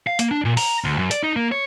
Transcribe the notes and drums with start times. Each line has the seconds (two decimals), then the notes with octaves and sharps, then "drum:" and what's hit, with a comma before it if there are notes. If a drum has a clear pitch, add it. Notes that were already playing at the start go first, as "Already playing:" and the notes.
0.07 F5
0.19 A#3, drum: hi-hat
0.31 D4
0.45 A#2
0.57 A#5, drum: open hi-hat
0.85 D2
0.99 F#2
1.11 D5, drum: hi-hat
1.24 D#4
1.36 A#3
1.52 C#5